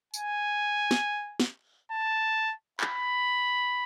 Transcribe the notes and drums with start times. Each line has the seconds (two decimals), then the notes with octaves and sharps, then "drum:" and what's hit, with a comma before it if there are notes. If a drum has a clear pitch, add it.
0.14 G#5, drum: tambourine
0.91 drum: snare
1.40 drum: snare
1.92 A5
2.81 B5, drum: clap